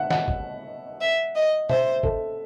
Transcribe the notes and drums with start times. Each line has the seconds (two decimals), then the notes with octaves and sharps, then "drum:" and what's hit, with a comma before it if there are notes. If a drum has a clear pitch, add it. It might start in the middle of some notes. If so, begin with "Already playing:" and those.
Already playing: E5 F#5
0.10 F#5, drum: snare
0.28 drum: kick G#1
1.01 E5
1.35 D#5
1.69 C5 E5, drum: tom
2.03 A4, drum: kick G#1